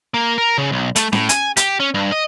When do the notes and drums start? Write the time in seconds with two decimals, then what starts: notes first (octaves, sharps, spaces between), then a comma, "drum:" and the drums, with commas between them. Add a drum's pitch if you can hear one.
0.14 A#3
0.38 A#4
0.58 C#3
0.72 B1
0.96 A3, drum: hi-hat
1.13 A2, drum: snare C#4
1.29 G#5, drum: hi-hat
1.57 G4, drum: hi-hat
1.80 C#4
1.94 G2
2.12 D#5